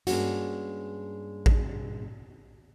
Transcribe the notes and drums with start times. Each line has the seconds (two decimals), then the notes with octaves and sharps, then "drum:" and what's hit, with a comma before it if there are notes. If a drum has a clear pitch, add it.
0.07 G2 G#3 A#3 C#4 F#4, drum: hi-hat
1.46 drum: kick A1